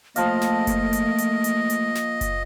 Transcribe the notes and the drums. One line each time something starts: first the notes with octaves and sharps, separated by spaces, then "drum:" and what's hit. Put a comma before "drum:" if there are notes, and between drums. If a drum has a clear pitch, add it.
F3 A3 A#3 D#5 F5, drum: hi-hat
drum: snare
drum: kick F#1, hi-hat
drum: hi-hat
drum: hi-hat
drum: hi-hat
drum: hi-hat
drum: snare
drum: kick F#1, hi-hat